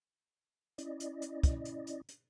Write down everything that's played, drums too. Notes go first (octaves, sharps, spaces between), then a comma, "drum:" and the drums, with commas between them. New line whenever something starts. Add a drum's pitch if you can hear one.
C#4 E4 D5 D#5, drum: hi-hat
drum: hi-hat
drum: hi-hat
drum: kick, hi-hat
drum: hi-hat
drum: hi-hat
drum: hi-hat